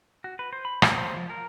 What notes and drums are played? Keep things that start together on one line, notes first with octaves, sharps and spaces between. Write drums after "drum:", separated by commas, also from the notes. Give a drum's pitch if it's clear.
F#4
B4
C5
B5
C#5, drum: rim click
C5
F3
A#4